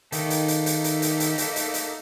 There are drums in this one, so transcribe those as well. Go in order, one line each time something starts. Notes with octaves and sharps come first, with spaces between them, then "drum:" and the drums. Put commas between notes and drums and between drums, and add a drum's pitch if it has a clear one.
D#3 A3 A#3 D#4, drum: hi-hat
drum: hi-hat
drum: hi-hat
drum: hi-hat
drum: hi-hat
drum: hi-hat
drum: hi-hat
drum: hi-hat
drum: hi-hat
drum: hi-hat